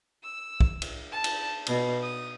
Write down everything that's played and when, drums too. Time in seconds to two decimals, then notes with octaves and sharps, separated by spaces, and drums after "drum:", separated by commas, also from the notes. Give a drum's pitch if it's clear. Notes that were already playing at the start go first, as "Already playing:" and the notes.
0.23 E6
0.60 drum: kick B1
0.82 drum: cymbal
1.11 A5
1.24 drum: cymbal
1.67 B2, drum: cymbal
2.02 D#6